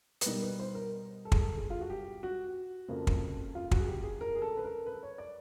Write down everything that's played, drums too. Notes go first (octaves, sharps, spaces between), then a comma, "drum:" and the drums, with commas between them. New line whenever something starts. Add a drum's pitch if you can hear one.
B4, drum: hi-hat
B2 G3 B3 D#4 A#4
B4
C5
A#4
A4
G#4, drum: kick
A4
G#4
F4
F#4
G4
F#4
F2 C#3 F3 A#3
drum: kick
F4
F#4, drum: kick
G#4
G4
G#4
A#4
G#4
A4
B4
A#4
B4
C#5
D5